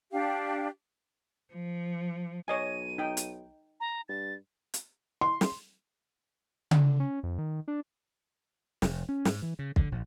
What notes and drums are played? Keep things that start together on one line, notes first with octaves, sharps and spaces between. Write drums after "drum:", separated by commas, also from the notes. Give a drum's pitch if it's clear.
D4 G4 F5
F3
B1 C#5 D#5 G#5 D#7
D#4 G5
drum: hi-hat
A#5
G2 A6
drum: hi-hat
C6
drum: snare
D3, drum: tom C#3
C#4
F2
D#3
D4
F1, drum: snare
C#4
G#2, drum: snare
E3
C#3
D3, drum: kick
A#1